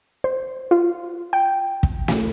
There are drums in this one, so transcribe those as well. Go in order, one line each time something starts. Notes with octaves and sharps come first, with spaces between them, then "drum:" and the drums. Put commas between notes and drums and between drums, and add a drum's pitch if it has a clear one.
C5
F4
G5
drum: kick
drum: snare